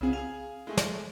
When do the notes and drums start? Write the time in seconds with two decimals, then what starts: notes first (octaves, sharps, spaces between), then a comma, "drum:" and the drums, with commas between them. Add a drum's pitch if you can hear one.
0.01 C2 C#3 C4 F4 G#4 F#5
0.13 G#4 F5 G#5 F7
0.67 G#3 A3 G#4
0.77 drum: snare